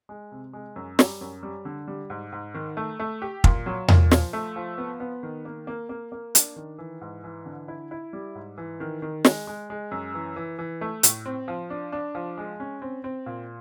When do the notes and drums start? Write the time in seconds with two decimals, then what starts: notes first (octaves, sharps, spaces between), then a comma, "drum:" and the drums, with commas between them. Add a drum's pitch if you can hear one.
0.09 G#3
0.32 C3
0.53 G#3
0.76 F#2
0.99 G3, drum: snare
1.21 F#2
1.43 G3
1.65 D3
1.88 G3
2.10 G#2
2.32 G#2
2.54 D#3
2.77 A3
3.00 A3
3.22 G4
3.44 A#2, drum: kick
3.66 F#3
3.88 A#2, drum: tom E2
4.11 F3, drum: snare
4.33 A3
4.56 F3
4.78 B3
5.00 B3
5.23 D#3
5.45 A#3
5.67 A#3
5.89 A#3
6.12 A#3
6.35 D4, drum: hi-hat
6.56 D#3
6.79 E3
7.01 G#2
7.24 E3
7.46 D3
7.68 E4
7.91 E4
8.13 G3
8.35 G#2
8.58 E3
8.80 D#3
9.02 D#3
9.25 G#3, drum: snare
9.47 G#3
9.70 G#3
9.91 F#2
10.14 E3
10.36 E3
10.59 E3
10.81 A3
11.03 A2, drum: hi-hat
11.26 C4
11.48 F3
11.70 D4
11.92 D4
12.15 F3
12.38 G#3
12.60 C#4
12.82 C4
13.04 C4
13.26 A#2